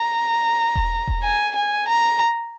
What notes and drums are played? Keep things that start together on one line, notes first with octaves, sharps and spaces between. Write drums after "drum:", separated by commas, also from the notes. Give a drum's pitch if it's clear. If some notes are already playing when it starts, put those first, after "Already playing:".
Already playing: A#5
drum: kick E1
drum: kick E1
G#5
G#5
A#5